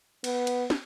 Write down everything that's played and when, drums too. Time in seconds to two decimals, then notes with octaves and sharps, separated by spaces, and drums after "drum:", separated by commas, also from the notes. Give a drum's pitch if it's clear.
0.24 B3, drum: cymbal
0.47 drum: cymbal
0.70 drum: snare